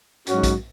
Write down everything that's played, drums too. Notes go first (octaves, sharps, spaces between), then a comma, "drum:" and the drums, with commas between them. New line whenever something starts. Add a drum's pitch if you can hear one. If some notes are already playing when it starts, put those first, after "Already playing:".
G#2 F#3 C#4 F#4, drum: hi-hat
drum: kick A#1, hi-hat